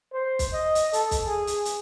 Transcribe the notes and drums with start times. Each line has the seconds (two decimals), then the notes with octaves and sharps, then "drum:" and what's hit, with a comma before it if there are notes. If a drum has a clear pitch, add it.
0.13 C5
0.39 drum: kick, hi-hat
0.53 D#5
0.75 drum: hi-hat
0.93 A4, drum: hi-hat
1.11 drum: kick, hi-hat
1.26 G#4
1.47 drum: hi-hat
1.65 drum: hi-hat